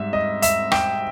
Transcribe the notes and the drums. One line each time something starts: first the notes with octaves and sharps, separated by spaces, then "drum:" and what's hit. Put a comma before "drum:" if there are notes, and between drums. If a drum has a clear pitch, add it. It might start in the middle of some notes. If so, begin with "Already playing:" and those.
Already playing: G#2 G3 E5
D#5
E5, drum: hi-hat
G5, drum: rim click